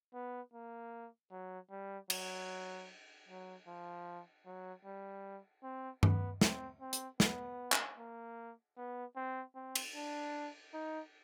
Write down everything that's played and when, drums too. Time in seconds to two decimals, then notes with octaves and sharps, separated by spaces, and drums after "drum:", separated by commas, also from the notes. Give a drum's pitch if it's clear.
0.14 B3
0.54 A#3
1.31 F#3
1.71 G3
2.10 F#3, drum: cymbal
3.28 F#3
3.67 F3
4.45 F#3
4.85 G3
5.63 C4
6.03 B3, drum: tom G2
6.41 C4, drum: snare
6.81 C4
6.93 drum: hi-hat
7.20 B3, drum: snare
7.72 drum: clap
7.98 A#3
8.77 B3
9.16 C4
9.55 C4
9.75 drum: cymbal
9.95 D4
10.73 D#4